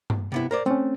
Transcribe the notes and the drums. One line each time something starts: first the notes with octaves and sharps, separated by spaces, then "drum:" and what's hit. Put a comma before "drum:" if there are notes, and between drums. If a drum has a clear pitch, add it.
drum: tom G2
C3 B3 E4
A#4 C5 D5
A3 C4 C#4